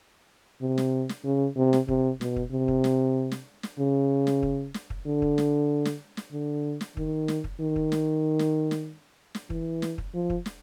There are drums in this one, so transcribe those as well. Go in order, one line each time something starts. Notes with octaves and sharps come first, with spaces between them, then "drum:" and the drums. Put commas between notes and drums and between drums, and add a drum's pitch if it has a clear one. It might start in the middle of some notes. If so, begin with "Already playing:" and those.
C3
drum: snare
drum: snare
C#3
C3
drum: snare
C3, drum: kick
B2, drum: snare
drum: kick
C3
drum: kick
drum: snare
drum: snare
drum: snare
C#3
drum: snare
drum: kick
drum: snare
drum: kick
D3
drum: kick
drum: snare
drum: snare
drum: snare
D3
drum: snare
D#3, drum: kick
drum: snare
drum: kick
D#3
drum: kick
drum: snare
drum: snare
drum: snare
drum: snare
E3, drum: kick
drum: snare
drum: kick
F3
drum: kick
drum: snare